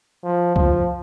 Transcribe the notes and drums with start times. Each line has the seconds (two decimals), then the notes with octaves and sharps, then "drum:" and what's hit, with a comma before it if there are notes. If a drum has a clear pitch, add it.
0.23 F3
0.56 F3, drum: kick C2